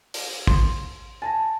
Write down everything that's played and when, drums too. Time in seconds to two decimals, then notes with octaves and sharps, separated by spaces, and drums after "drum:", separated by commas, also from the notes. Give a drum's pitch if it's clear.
0.14 drum: open hi-hat
0.47 C6, drum: kick
1.22 G#5 A5 A6 A#6